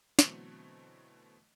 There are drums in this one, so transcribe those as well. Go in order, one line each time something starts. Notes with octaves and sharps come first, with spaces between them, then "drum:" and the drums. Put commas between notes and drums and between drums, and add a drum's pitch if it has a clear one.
B2 D3 E3 F#3 A3 C4, drum: snare